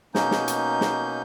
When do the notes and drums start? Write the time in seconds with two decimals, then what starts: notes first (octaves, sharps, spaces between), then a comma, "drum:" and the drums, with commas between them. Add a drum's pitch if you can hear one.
0.15 B2 A#3 C#4 D#4 G6, drum: snare
0.31 drum: snare
0.48 drum: hi-hat
0.81 drum: snare